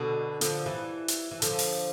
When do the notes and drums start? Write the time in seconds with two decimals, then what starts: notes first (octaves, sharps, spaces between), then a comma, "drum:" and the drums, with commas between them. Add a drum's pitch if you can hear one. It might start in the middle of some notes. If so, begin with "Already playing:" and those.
Already playing: B2 D3
0.41 D3 F3, drum: hi-hat
0.66 E3 G3
1.08 drum: hi-hat
1.31 E3
1.42 D3 F3, drum: hi-hat
1.59 drum: open hi-hat